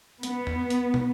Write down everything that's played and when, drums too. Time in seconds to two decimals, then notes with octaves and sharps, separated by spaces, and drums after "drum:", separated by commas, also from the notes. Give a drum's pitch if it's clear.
0.23 B3, drum: hi-hat
0.47 drum: tom E2
0.70 drum: hi-hat
0.94 drum: tom